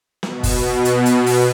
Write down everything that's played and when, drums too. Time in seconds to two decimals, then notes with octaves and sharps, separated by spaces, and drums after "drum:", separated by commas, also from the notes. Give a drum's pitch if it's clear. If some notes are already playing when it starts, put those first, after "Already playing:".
0.23 B2, drum: snare
0.43 drum: kick, open hi-hat
0.85 drum: hi-hat
1.06 drum: hi-hat
1.26 drum: open hi-hat